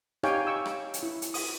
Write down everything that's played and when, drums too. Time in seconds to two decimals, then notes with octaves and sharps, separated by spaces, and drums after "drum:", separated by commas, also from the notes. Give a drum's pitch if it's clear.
0.23 D#4 G4 C#5 F5 G5 G#5, drum: rim click
0.47 C#6 E6
0.66 drum: rim click
0.94 drum: hi-hat
1.03 E4
1.22 drum: hi-hat
1.34 D#6, drum: open hi-hat